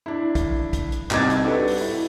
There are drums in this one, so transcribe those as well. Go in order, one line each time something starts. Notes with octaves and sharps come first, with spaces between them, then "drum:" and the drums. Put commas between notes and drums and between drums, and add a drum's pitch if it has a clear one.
D4 E4
drum: kick, hi-hat
drum: kick, hi-hat
drum: hi-hat
C2 C4 D#4 D6 G#6 A6, drum: clap
drum: hi-hat
D4 F#4 G4 A4 B4
drum: open hi-hat
E4